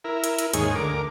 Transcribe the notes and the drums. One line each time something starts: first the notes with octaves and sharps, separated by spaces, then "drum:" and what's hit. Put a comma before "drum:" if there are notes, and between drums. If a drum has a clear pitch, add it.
E4 A#4
drum: hi-hat
drum: hi-hat
D#2 G#2 G#4 C#5, drum: hi-hat
D2 A#4 D6